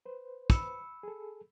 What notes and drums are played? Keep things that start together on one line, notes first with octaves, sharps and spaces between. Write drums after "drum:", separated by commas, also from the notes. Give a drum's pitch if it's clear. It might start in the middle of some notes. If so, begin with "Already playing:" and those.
B4 C5
B5 E6 C#7, drum: kick
G#4 A4